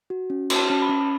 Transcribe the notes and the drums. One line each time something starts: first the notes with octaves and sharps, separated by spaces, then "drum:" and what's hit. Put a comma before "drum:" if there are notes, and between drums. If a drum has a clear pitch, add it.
F#4
C#4
F#4, drum: cymbal
A5
C#4 A5
B5
C#4